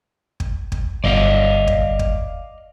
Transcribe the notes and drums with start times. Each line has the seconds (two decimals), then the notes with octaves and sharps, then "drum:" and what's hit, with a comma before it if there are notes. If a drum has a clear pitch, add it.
0.40 drum: kick
0.72 drum: kick
1.04 G1 D5 D#5 F5
1.67 drum: kick
1.99 drum: kick